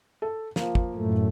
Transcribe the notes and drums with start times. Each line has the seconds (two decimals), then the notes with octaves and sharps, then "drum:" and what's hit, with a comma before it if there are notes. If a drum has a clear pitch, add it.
0.22 A4
0.56 F3 A#3, drum: snare
0.75 drum: kick
0.95 F#2 A2 A3